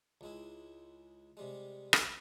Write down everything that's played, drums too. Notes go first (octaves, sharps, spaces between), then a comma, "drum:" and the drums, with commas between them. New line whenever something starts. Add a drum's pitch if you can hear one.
C#2 G#3 E4
C3 G3 G#3
drum: rim click